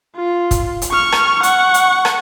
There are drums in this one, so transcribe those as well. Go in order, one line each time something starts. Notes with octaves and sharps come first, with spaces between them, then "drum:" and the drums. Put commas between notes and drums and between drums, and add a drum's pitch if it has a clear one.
F4
drum: kick, hi-hat
drum: hi-hat
C#6 F6
drum: rim click
F#5 C#6, drum: hi-hat
drum: hi-hat
drum: rim click